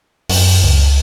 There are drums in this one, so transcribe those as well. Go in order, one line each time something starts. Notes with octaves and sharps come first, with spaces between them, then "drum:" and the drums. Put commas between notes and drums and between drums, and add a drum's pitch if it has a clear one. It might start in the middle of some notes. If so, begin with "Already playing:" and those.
F#2, drum: open hi-hat
C#2